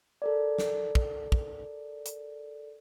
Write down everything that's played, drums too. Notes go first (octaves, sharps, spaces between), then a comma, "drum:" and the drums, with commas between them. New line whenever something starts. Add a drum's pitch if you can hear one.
A4 A#4 D5
drum: snare
drum: kick
drum: kick
drum: hi-hat